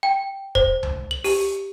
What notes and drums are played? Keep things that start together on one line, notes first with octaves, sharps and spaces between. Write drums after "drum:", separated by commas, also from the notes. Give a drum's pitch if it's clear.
G5
C5, drum: kick
drum: tom C#2
F#7
G4, drum: open hi-hat